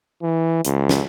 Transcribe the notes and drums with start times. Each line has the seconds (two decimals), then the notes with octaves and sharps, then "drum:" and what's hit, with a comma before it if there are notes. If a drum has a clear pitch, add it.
0.22 E3
0.65 C#2, drum: hi-hat
0.89 drum: snare